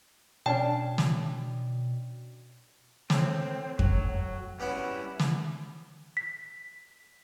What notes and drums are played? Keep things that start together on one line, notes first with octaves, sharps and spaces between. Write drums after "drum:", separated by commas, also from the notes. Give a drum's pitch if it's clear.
B2 C#4 D4 G5 A5
drum: snare
A2 C4, drum: snare
F#3, drum: kick F2
G3 B3 C#4 E4 F#5
drum: snare
B6